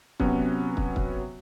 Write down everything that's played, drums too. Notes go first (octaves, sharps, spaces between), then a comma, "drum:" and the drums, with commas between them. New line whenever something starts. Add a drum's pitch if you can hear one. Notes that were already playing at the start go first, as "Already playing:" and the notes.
C3 F#3 B3 C#4 F#4, drum: kick
drum: kick
drum: kick